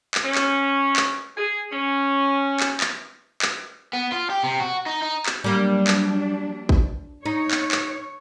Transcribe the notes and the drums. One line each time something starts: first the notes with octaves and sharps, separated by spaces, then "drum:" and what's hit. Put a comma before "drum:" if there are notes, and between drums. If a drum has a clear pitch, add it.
drum: clap
C#4
drum: clap
drum: clap
G#4
C#4
drum: clap
drum: clap
drum: clap
B3
F4
G4
C3
F#4
D#4
D#4
drum: clap
F#3 G3 A#3 D4
drum: clap
drum: kick
D#4 C#5
drum: clap
drum: clap